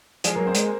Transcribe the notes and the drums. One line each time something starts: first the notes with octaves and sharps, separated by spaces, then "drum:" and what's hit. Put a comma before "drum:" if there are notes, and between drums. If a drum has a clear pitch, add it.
F3 G#3 G#4, drum: hi-hat
F#3 A#3 A#4
C4 C5
G#3, drum: hi-hat